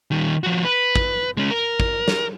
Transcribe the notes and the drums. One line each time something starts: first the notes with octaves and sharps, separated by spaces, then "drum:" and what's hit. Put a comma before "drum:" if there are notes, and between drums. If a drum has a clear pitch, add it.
D#3 G3
F3 F#4
B4
drum: kick
G#3 C#4
A#4
drum: kick
drum: snare